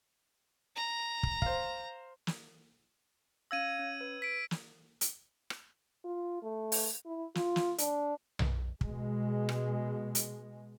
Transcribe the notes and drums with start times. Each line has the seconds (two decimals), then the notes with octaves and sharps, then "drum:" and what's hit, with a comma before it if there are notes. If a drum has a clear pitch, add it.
0.76 A#5
1.23 drum: kick
1.42 C5 F5, drum: kick
2.27 drum: snare
3.51 C#4 F5 E6 G#6 A#6 D#7
3.79 C#4
4.01 B4
4.22 B6 D7
4.51 drum: snare
5.01 drum: hi-hat
5.50 drum: rim click
6.04 F4
6.43 A3
6.72 drum: open hi-hat
7.06 E4
7.35 F4, drum: snare
7.56 drum: snare
7.78 D4, drum: hi-hat
8.39 drum: tom B1
8.81 B2 G#3, drum: kick
9.49 drum: rim click
10.15 drum: hi-hat